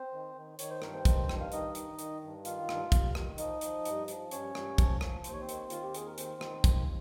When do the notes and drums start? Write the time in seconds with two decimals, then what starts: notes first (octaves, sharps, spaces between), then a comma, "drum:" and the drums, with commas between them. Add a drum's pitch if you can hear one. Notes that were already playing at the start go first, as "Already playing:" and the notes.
Already playing: C4 C5
0.12 D#3
0.35 D#3
0.59 D#3 C#5, drum: hi-hat
0.70 C5
0.82 G2 A#4, drum: rim click
0.93 C4 C5
1.05 D#3, drum: kick, hi-hat
1.29 G2, drum: rim click
1.41 F5
1.52 D#3 D#4 D#5, drum: hi-hat
1.75 D#3, drum: hi-hat
1.99 D#3, drum: hi-hat
2.23 G2
2.45 D#3 F4 F5, drum: hi-hat
2.69 G2, drum: rim click
2.92 G2, drum: kick, hi-hat
3.15 D#3, drum: rim click
3.38 F3 D#4 D#5, drum: hi-hat
3.61 F3, drum: hi-hat
3.85 G2, drum: hi-hat
4.08 F3, drum: hi-hat
4.31 G2 C#4 C#5, drum: hi-hat
4.55 G2, drum: rim click
4.78 F3, drum: kick, hi-hat
5.01 F3, drum: rim click
5.24 D#2 C5, drum: hi-hat
5.33 C#5
5.41 C4 C5
5.49 D#3, drum: hi-hat
5.70 D#3 F4, drum: hi-hat
5.82 G4
5.94 D#2 G#4, drum: hi-hat
6.06 A#4
6.18 D#3 C4 C5, drum: hi-hat
6.41 D#3, drum: rim click
6.64 D#2, drum: kick, hi-hat